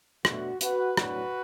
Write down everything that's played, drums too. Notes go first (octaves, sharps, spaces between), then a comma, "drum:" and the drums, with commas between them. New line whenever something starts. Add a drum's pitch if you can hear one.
B2 A3 D4 F#4, drum: rim click
F#4 B4, drum: hi-hat
A2 F#3 B3 D4 F#4 B4, drum: rim click